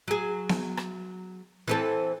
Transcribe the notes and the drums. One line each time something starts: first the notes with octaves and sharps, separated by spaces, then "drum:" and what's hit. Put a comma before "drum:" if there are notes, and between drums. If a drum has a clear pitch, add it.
F#3 G#4
drum: snare B3
drum: rim click
E3 C4 A4